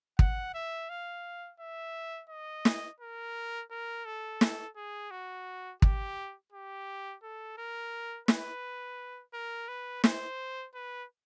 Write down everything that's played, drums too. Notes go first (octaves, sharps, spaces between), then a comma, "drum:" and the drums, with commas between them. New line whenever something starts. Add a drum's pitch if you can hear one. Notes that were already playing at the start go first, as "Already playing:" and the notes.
F#5, drum: kick
E5
F5
E5
D#5
drum: snare
A#4
A#4
A4
drum: snare
G#4
F#4
G4, drum: kick
G4
A4
A#4
B4, drum: snare
A#4
B4
C5, drum: snare
B4